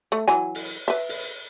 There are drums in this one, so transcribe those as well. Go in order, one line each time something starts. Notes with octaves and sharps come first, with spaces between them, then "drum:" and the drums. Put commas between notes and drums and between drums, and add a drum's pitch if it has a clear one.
A3
E3 F#3 G#5
drum: open hi-hat
B4 E5
drum: open hi-hat